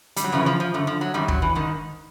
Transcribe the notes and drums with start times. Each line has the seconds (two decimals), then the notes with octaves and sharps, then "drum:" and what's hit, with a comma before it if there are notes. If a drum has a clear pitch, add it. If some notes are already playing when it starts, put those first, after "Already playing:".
0.16 G3, drum: hi-hat
0.24 F#3
0.32 F#2 C#3 E3 F3
0.46 F3
0.60 F3
0.74 F#2 D3
0.87 F3
1.01 F#3
1.14 F#2 D#3 G3
1.28 F#3, drum: kick
1.42 E3
1.55 G#2 D#3